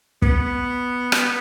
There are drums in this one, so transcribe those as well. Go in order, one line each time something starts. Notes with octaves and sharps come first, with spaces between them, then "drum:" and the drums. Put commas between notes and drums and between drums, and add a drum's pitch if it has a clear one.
B3, drum: kick
drum: rim click